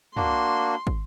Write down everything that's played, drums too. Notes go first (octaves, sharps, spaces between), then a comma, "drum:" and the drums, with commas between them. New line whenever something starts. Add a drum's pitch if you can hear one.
A#3 D4 F#4 C6, drum: tom
drum: kick